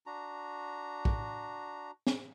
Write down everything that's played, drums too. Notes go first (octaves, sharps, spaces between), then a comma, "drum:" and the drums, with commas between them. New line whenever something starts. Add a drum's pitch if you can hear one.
D4 F#4 A#5
drum: kick
drum: snare